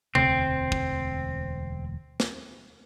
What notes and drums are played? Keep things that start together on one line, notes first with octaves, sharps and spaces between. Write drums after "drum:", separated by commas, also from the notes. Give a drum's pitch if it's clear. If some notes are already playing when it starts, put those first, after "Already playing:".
E1 D2 C4, drum: tom C3
drum: kick
drum: snare